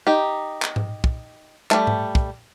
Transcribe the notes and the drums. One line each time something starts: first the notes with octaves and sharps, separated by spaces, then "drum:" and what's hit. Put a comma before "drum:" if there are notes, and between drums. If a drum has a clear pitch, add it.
D#4 G4
drum: clap
drum: tom G#2
drum: kick
G3 A3, drum: clap
drum: tom G#2
drum: kick